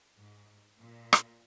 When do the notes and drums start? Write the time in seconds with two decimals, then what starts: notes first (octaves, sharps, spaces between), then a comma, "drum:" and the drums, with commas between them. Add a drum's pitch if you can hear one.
0.16 G#2
0.78 A#2
1.13 drum: rim click